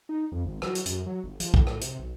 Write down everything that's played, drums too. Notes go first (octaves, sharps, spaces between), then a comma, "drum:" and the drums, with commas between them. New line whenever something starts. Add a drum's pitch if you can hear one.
D#4
F2
G#1
F#3, drum: rim click
drum: hi-hat
F#2, drum: hi-hat
F#3
G1
F3, drum: hi-hat
A2, drum: kick
drum: rim click
C3, drum: hi-hat
B1